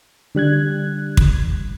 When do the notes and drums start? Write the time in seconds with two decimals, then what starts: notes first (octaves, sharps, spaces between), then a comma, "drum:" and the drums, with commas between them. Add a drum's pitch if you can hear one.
0.35 D3 G3 F#6 G#6
1.17 drum: kick